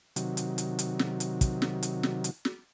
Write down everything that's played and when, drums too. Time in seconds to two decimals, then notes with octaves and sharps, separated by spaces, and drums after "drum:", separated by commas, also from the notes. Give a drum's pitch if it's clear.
0.16 C3 D#3 F#3, drum: hi-hat
0.37 drum: hi-hat
0.58 drum: hi-hat
0.79 drum: hi-hat
0.99 drum: snare
1.20 drum: hi-hat
1.41 drum: kick, hi-hat
1.62 drum: snare
1.83 drum: hi-hat
2.03 drum: snare
2.24 drum: hi-hat
2.45 drum: snare